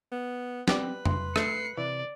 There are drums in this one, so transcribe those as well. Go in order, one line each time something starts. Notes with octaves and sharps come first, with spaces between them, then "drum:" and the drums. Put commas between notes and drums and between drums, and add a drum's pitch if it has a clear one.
B3
B3 C4 G4 B4 D5, drum: snare
C6, drum: tom F2
A3 C7 C#7, drum: rim click
C3 E3 D5